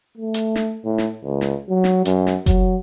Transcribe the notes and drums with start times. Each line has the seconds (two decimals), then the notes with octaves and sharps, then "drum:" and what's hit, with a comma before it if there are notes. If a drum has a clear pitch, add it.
0.18 A3
0.34 drum: hi-hat
0.56 drum: snare
0.85 A2
0.98 drum: snare
1.24 C#2
1.41 drum: snare
1.69 F#3
1.84 drum: snare
2.05 F#2, drum: hi-hat
2.27 drum: snare
2.46 F#3, drum: kick F#1, hi-hat